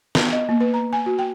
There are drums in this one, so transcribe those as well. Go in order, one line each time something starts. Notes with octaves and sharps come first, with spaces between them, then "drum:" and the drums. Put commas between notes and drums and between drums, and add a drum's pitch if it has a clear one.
B3, drum: snare
D#5
A#3
B4
A#5
G#5
F#4
G5